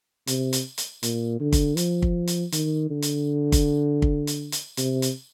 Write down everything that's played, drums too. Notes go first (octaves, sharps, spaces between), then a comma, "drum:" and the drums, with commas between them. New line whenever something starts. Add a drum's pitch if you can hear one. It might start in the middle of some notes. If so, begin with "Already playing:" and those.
C3, drum: hi-hat
drum: hi-hat
drum: hi-hat
A#2, drum: hi-hat
D3
drum: kick, hi-hat
F3, drum: hi-hat
drum: kick
drum: hi-hat
D#3, drum: hi-hat
D3
drum: hi-hat
drum: kick, hi-hat
drum: kick
drum: hi-hat
drum: hi-hat
C3, drum: hi-hat
drum: hi-hat